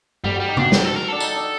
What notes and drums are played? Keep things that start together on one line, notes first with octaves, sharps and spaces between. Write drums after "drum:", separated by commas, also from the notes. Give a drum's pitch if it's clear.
G3 G4, drum: tom G2
G3 F#4
D#4
D4 F#4, drum: tom C3
G4, drum: snare
A4
A#4
D4 A4
D#4, drum: tambourine
D4